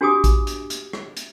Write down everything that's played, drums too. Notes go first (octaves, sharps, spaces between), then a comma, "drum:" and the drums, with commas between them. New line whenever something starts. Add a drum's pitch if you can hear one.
D4 F#4 G4 G#5 D6 D#6
drum: kick A1, hi-hat
drum: hi-hat
drum: hi-hat
drum: rim click
drum: hi-hat